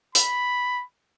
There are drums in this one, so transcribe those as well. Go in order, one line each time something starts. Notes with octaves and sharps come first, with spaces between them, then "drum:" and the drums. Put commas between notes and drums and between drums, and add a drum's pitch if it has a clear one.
B5, drum: hi-hat